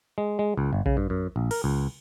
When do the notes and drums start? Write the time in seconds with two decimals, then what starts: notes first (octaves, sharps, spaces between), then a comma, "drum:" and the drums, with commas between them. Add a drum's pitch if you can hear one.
0.18 G#3
0.39 G#3
0.57 C#2
0.73 G1
0.86 C#3, drum: kick A#1
0.97 G2
1.10 F#2
1.36 A#1
1.51 A#4, drum: cymbal
1.64 C#2